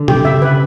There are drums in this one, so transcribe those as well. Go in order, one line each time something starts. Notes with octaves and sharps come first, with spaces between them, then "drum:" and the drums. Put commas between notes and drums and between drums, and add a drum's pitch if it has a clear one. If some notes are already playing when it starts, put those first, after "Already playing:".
Already playing: D3
G4, drum: tom B2
C3
C#3 E5
B4